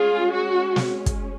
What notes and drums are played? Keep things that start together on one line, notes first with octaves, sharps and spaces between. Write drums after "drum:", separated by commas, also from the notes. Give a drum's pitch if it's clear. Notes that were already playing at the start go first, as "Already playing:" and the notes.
Already playing: G#3 C#4 F4 G#4
F#4
drum: snare
drum: kick, hi-hat